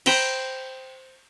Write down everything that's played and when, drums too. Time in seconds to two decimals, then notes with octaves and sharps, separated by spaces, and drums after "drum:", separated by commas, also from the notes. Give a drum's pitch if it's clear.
0.06 C5 G5 A#5 B5, drum: cymbal